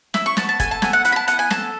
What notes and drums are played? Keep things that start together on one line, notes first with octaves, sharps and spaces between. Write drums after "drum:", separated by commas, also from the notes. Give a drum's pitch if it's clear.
E4 E6, drum: snare
C#6
B3 A5, drum: snare
A5
A4 G#5, drum: kick, hi-hat
A5
B3 G#5, drum: snare
F#5
E4 F#5, drum: hi-hat
B5
A5
B3 F#5, drum: hi-hat
G#5
A4 A5, drum: snare